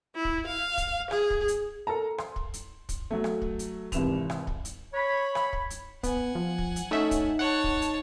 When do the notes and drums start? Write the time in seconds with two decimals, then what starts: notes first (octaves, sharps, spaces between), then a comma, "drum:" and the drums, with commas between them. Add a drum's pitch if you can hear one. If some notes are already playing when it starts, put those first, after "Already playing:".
0.15 E4
0.25 drum: kick
0.47 F5
0.78 drum: kick, hi-hat
1.11 G#4, drum: rim click
1.30 drum: kick
1.48 drum: hi-hat
1.87 A4 A#4 A5 A#5
2.18 C6, drum: rim click
2.36 drum: kick
2.54 drum: hi-hat
2.89 drum: kick, hi-hat
3.11 F#3 A3
3.24 drum: rim click
3.42 drum: kick
3.59 drum: hi-hat
3.92 G#1 C3 E3 E7 F7, drum: kick, hi-hat
4.30 drum: rim click
4.47 drum: kick
4.65 drum: hi-hat
4.94 C#5 B5
5.35 drum: rim click
5.53 drum: kick
5.70 drum: hi-hat
6.03 B3 F#5 G#5, drum: kick, hi-hat
6.35 F3
6.58 drum: kick
6.76 drum: hi-hat
6.91 A3 C#4 D#4 E5
7.11 drum: kick, hi-hat
7.39 C#5 F#5 A5
7.64 drum: kick
7.82 drum: hi-hat